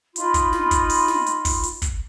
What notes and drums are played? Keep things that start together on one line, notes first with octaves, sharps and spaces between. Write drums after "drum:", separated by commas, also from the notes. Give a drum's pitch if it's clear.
D#4 F4 B5 C6, drum: hi-hat
drum: kick, hi-hat
drum: snare
drum: kick, hi-hat
drum: open hi-hat
drum: snare
drum: hi-hat
drum: kick, open hi-hat
drum: hi-hat
drum: kick, hi-hat